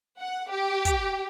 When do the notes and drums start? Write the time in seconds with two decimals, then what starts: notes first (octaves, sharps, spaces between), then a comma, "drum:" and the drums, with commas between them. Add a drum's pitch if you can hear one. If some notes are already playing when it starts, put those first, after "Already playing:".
0.19 F#5
0.50 G4
0.85 drum: kick, hi-hat